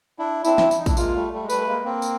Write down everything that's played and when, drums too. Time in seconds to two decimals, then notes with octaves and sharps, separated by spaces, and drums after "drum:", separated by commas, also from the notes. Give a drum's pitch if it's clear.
0.19 D4 E4
0.45 C4 D4 E4, drum: tambourine
0.58 drum: snare
0.71 E4, drum: tambourine
0.79 D#4
0.86 D4 E4, drum: kick, tambourine
0.97 G#3 A#3 F4, drum: tambourine
1.14 G3 A3
1.33 G3 A3
1.43 G#3
1.50 G3 A3 B4, drum: tambourine
1.67 G#3 A#3
1.85 A#3 C4
2.02 drum: tambourine